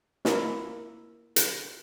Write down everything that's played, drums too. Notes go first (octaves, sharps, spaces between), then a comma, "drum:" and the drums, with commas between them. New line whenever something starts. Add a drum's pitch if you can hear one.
A#3 E4, drum: snare
drum: hi-hat